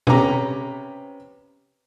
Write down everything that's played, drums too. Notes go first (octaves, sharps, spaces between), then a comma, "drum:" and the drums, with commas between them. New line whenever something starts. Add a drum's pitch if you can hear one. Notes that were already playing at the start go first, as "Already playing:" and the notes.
C3 B3 C#4 G4 A#5 D6, drum: tom B2